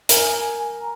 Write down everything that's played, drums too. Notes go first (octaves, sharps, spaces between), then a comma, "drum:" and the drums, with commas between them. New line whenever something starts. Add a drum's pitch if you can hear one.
A#4 G#5, drum: hi-hat
A#5